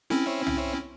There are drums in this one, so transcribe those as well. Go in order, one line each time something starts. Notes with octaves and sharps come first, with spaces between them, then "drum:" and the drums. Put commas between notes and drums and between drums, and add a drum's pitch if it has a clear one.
C4 C#4 E4, drum: snare
drum: tom